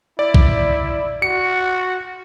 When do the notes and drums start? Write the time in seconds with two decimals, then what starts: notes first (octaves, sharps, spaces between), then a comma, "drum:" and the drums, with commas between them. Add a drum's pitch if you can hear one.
0.19 E4 D5
0.34 drum: kick B1
1.22 F#4 C#7